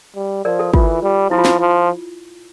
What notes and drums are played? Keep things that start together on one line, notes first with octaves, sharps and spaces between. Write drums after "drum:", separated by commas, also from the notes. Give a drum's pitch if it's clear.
G3
F3 A#4 D5
A4
E3 F4, drum: kick
G3
F3 E4
F4
E4, drum: snare
F3